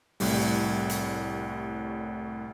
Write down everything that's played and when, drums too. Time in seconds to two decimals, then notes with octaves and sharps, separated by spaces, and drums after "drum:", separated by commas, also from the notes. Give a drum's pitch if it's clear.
0.20 C2 A2 G3, drum: open hi-hat
0.89 drum: hi-hat